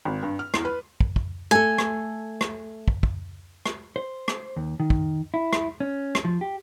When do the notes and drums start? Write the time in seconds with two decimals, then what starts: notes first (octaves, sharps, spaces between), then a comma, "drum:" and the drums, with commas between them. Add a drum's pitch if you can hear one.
0.05 G#1
0.23 G2
0.39 F6
0.54 E2, drum: rim click
0.65 B4
1.00 drum: kick
1.16 drum: kick
1.51 A3 A4 G#5
1.78 drum: rim click
2.41 drum: rim click
2.88 drum: kick
3.03 drum: kick
3.66 drum: rim click
3.96 C5
4.28 drum: rim click
4.56 D#2
4.80 D#3
4.90 drum: kick
5.34 E4
5.53 drum: rim click
5.80 C#4
6.15 drum: rim click
6.25 F3
6.41 G4